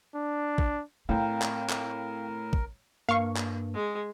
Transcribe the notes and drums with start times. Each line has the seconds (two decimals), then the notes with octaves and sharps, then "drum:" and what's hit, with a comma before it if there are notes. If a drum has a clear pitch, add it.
0.16 D4
0.58 drum: kick
1.09 A2 C4 A#4 F5 G5 A#5
1.42 drum: clap
1.69 drum: clap
2.53 drum: kick
3.09 G2 A#3 F5 C#6
3.36 drum: clap
3.74 G#3 G#4